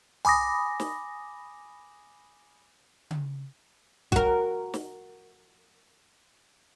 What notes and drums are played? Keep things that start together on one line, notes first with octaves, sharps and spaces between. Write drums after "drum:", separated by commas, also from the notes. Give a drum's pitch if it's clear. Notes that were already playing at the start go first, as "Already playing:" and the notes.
G#5 B5 D6 D#6 A#6, drum: tom
drum: snare
drum: tom C#3
F#4 A#4, drum: kick
drum: snare